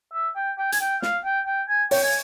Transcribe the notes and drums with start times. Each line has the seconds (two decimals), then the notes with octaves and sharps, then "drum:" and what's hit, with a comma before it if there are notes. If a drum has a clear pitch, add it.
0.13 E5
0.36 G5
0.58 G5
0.72 G#5, drum: hi-hat
0.80 G5
1.02 F5, drum: snare
1.24 G5
1.46 G5
1.69 G#5
1.91 C#5 G5, drum: open hi-hat
2.04 G#5